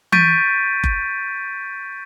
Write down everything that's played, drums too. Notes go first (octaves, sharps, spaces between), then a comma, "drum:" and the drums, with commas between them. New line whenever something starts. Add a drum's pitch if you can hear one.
C#6 G6 A6 B6 D7 D#7, drum: tom E3
drum: kick F#1